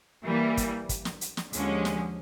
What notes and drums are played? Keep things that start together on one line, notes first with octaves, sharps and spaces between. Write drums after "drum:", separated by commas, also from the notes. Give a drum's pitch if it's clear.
E3 G3 A#3
drum: kick, hi-hat
drum: kick, hi-hat
drum: snare
drum: hi-hat
drum: snare
D#2 D3 F3 G#3 C#4, drum: hi-hat
drum: snare